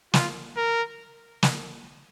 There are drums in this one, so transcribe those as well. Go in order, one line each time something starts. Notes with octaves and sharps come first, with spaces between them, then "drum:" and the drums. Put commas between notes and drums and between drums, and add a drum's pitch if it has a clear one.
F4, drum: snare
A#4
drum: snare